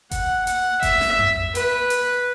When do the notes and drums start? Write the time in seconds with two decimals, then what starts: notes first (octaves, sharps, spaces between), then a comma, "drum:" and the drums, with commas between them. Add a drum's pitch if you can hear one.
0.11 F#5, drum: kick F#1, hi-hat
0.47 F#5, drum: hi-hat
0.83 E5, drum: kick F#1, hi-hat
1.01 drum: snare
1.19 drum: tom F2
1.55 B4, drum: hi-hat
1.90 drum: hi-hat